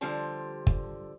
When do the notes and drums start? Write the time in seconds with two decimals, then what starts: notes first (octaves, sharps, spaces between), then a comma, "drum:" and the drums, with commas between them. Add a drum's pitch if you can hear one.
0.01 D3 F3 G3 C5 A5
0.67 drum: kick